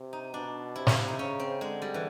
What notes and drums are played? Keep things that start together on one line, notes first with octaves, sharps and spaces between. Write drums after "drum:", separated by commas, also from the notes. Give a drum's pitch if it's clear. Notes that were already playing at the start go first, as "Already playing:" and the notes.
Already playing: C3
D#4
B2 D4
C3 E4
F4, drum: snare
E4
D#4
C#3 C#4
C4
D3 G#3
G3
E3